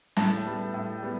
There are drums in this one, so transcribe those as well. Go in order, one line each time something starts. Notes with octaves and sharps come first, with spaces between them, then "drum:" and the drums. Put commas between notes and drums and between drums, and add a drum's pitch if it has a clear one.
A2 A5, drum: snare
G3 B3
A2
G3 B3